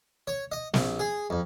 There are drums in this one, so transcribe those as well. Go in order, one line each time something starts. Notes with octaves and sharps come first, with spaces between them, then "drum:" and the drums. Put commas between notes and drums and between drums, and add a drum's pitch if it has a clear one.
C#5
D#5
A#1, drum: snare
G#4
F2